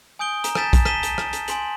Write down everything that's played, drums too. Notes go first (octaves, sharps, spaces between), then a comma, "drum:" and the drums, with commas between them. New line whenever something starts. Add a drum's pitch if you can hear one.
G#5 D#6 G6 D7 G7
A#5, drum: hi-hat
G#5 A5 G6 A6 B6 E7, drum: rim click
drum: kick A#1, hi-hat
A5 B6 D#7 E7 G7, drum: rim click
drum: hi-hat
drum: rim click
drum: hi-hat
G#5 C6 F#7, drum: hi-hat